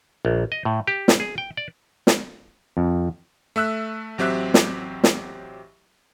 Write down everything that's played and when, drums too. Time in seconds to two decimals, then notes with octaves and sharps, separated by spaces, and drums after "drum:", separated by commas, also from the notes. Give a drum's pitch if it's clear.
0.25 A#1
0.52 D#5
0.65 A2
0.87 G4
1.08 drum: snare
1.20 G#4
1.38 G5
1.57 D5
2.07 drum: snare
2.77 F2
3.56 A3 E5 E6 F#6
4.18 A1 F#3 C4 G4 E5 F#6
4.54 drum: snare
5.04 drum: snare